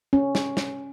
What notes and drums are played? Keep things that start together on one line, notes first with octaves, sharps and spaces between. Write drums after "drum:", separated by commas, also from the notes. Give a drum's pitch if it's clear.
C#4
drum: snare
drum: snare